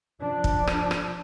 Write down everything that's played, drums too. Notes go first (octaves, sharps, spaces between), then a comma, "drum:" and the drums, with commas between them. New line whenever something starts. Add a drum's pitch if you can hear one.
F3 D4
drum: kick
drum: rim click
drum: rim click